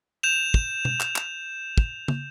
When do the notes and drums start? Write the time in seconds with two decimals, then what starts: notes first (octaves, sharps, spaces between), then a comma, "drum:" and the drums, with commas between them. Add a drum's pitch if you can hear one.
0.23 G6 E7 F7
0.54 drum: kick
0.85 drum: tom B2
1.00 drum: clap
1.16 drum: clap
1.78 drum: kick
2.08 drum: tom